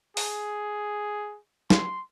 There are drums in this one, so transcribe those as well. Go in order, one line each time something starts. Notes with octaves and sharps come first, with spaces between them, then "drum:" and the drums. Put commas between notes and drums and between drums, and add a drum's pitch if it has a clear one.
G#4, drum: open hi-hat
C6, drum: snare